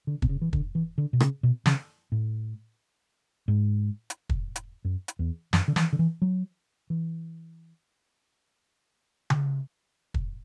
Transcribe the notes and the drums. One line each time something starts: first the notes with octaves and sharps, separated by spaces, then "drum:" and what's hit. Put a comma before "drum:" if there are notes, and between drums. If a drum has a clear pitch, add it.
D3
B2, drum: kick
C#3
E3
D3, drum: kick
E3
D3
B2
C#3, drum: rim click
B2
C#3, drum: snare
A2
G#2
drum: hi-hat
drum: kick
drum: hi-hat
F#2
drum: hi-hat
E2
F#2, drum: snare
D3
E3, drum: snare
D3
E3
F#3
E3
drum: tom C#3
drum: kick